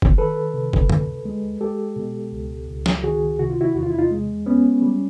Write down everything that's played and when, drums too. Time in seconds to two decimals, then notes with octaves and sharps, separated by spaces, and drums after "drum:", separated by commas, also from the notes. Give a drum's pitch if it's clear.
0.02 drum: kick
0.18 D#3 A4 B4
0.54 C3
0.73 drum: kick
0.90 D2, drum: tom
1.25 G#3
1.61 G#3 G4 A4
1.96 B2
2.32 C#2
2.68 C#2
2.86 drum: snare
3.03 D#3 F#4 G#4
3.39 C3 F#4
3.50 F4
3.61 E4 F#4
3.75 E2 F#4
3.83 F4
3.90 E4
3.98 D#4 F4
4.11 G#3
4.46 B3 C#4
4.82 G3